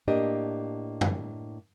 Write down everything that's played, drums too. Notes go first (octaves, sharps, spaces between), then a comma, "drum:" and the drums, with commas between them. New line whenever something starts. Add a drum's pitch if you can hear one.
A2 A#3 D4 G4 D#5
drum: tom